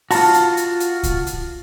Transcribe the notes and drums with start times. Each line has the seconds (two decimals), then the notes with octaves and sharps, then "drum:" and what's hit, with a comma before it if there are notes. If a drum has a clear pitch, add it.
0.11 F4 F#4 A5, drum: open hi-hat
0.34 drum: hi-hat
0.57 drum: hi-hat
0.80 drum: hi-hat
1.03 drum: kick C2, hi-hat
1.27 drum: hi-hat